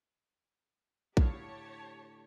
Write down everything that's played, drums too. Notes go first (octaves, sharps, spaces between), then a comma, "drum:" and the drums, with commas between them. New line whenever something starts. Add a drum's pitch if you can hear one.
A2 D3 G4 C#5 F5 A5, drum: kick A#1